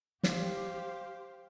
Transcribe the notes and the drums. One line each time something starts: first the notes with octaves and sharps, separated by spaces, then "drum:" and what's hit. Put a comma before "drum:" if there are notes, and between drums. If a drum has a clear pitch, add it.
G4 C5 F5, drum: snare